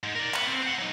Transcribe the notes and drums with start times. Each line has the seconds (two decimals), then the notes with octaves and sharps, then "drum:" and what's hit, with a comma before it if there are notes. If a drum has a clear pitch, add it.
0.03 G#2
0.15 A#4 D5
0.34 B3, drum: clap
0.48 C4
0.62 C5 F#5
0.78 F#3 D#4